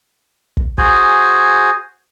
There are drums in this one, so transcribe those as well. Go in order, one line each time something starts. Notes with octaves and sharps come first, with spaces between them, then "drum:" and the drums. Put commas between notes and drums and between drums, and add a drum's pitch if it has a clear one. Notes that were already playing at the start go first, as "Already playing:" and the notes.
drum: kick
F#4 G#4 C5 G#5, drum: kick